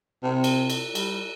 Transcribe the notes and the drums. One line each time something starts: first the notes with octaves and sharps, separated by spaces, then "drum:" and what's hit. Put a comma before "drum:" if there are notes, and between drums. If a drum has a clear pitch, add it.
C3
drum: cymbal
drum: cymbal
G3, drum: cymbal